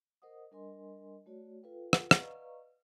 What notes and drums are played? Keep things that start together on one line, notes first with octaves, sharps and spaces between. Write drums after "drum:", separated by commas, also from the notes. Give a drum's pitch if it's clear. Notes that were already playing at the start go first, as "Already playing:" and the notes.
A#4 C5 D#5 F#5 D#6
G3 D4 A#4 D#5 G#5 C6
A3 F#4 C#5 D5
F4 A4 B4 F5 G5
drum: rim click
B4 D5 D#5 F5 A#5 C#6, drum: rim click